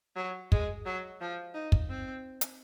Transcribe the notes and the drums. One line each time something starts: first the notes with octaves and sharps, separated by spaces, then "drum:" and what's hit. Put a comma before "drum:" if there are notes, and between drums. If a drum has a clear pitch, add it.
F#3
G#3, drum: kick
F#3
F3
D#4
drum: kick
C4
drum: hi-hat